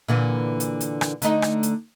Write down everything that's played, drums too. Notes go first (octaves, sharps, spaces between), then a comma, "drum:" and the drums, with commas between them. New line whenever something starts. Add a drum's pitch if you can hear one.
A#2 D3 E3
drum: hi-hat
drum: hi-hat
drum: rim click
D3 A3 D#4, drum: hi-hat
drum: rim click
drum: hi-hat